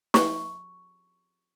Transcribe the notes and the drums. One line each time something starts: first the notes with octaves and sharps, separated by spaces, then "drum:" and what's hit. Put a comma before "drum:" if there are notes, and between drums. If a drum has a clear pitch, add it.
C#6, drum: snare